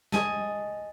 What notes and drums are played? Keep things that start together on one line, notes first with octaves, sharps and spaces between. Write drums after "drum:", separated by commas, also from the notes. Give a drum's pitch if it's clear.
D#5 G#5 A5, drum: snare